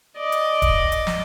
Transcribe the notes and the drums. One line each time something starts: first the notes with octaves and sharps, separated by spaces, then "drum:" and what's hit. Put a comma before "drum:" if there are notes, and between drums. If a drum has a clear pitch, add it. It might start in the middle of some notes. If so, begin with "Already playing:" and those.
D5 D#5
drum: hi-hat
drum: kick, hi-hat
drum: hi-hat
drum: snare